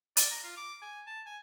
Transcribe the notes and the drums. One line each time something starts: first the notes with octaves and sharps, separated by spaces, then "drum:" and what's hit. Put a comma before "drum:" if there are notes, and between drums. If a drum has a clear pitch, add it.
D5, drum: hi-hat
A#5
F4
D6
G#5
A5
G#5